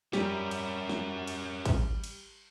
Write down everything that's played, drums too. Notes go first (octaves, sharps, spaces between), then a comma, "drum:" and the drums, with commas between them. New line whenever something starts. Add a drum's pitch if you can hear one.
G3 C#4 G4 A#4, drum: snare
drum: cymbal
drum: snare
drum: cymbal
drum: kick, cymbal
drum: cymbal